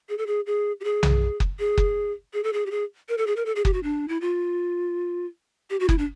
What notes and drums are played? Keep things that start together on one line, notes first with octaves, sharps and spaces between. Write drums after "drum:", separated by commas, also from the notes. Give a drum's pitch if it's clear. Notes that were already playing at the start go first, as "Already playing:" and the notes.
G#4
A4
G#4
G#4
G4
G#4
drum: tom B1
drum: kick F#1
G#4
drum: kick F#1
G#4
A4
G#4
G4
G#4
A#4
A4
G#4
A#4
A4
G#4
G4, drum: kick F#1
F#4
D4
E4
F4
G4
F#4
E4, drum: kick F#1
D4